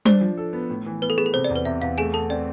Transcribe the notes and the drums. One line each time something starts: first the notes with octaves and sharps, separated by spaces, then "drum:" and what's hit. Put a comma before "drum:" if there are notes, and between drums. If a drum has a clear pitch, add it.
D4 C5, drum: tom G3
F3
A4
B3
A2
E3
B3 B4
A4
B3 G#4
A4
C3 C5
D5
E2
B4
C3 E5
E2 F5
A3 G#4 G#5
A3 A4 A5
C4 D5